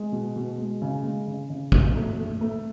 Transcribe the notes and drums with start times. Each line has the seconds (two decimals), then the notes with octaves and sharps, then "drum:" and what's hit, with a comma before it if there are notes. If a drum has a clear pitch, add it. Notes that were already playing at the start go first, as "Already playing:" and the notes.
Already playing: G#3
0.12 B2
0.36 B2
0.58 G#3
0.82 C#3
1.03 G#3
1.27 C#3
1.50 C#3
1.72 B2, drum: kick
1.95 A3
2.18 A3
2.41 A3